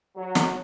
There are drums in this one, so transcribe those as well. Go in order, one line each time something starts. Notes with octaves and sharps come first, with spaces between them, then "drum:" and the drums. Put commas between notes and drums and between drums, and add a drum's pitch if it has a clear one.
F#3
drum: snare